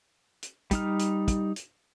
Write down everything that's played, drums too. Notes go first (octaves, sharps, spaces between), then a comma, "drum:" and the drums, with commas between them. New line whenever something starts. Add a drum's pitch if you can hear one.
drum: hi-hat
G3 D#4 F6, drum: kick, hi-hat
drum: hi-hat
drum: kick, hi-hat
drum: hi-hat